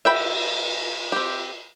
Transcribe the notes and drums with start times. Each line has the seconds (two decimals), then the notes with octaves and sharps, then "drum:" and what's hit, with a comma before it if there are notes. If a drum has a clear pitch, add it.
0.05 E5 G5 B5, drum: cymbal
1.12 C4 G4